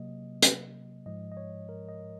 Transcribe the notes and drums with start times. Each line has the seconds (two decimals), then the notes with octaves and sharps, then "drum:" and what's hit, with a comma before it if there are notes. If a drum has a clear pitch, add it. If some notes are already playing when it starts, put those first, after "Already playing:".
Already playing: C3 F#3 A#3 D#5
0.42 drum: hi-hat
1.06 G#2 F3 G#3 D#5
1.32 D#5
1.37 C#5
1.69 A#4
1.89 D#5